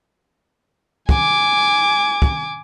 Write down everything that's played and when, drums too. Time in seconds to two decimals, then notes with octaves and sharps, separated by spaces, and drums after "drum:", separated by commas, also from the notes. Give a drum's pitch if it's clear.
1.09 G#5 D6, drum: kick
2.22 drum: kick